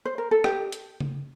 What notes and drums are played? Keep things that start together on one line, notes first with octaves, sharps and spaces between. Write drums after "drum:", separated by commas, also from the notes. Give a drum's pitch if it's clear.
C5
A#4
A4
G4, drum: rim click
drum: hi-hat
drum: tom C#3